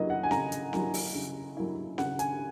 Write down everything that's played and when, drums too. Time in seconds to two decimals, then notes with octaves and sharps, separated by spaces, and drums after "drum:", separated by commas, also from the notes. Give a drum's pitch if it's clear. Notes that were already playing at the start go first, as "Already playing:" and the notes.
Already playing: C#3 F#3 A#3 E4 D#5
0.10 F#5
0.23 G#5
0.31 C#3 A#5, drum: snare C4
0.52 drum: hi-hat
0.73 F#3 A#3 E4, drum: snare C4
0.94 drum: open hi-hat
1.15 C#3
1.57 F#3 A#3 E4
1.98 C#3 F#5, drum: snare C4
2.19 G#5, drum: hi-hat